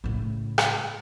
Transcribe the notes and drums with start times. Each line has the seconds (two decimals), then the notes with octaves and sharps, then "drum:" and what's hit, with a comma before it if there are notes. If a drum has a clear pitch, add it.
0.04 A2 C#3
0.58 drum: rim click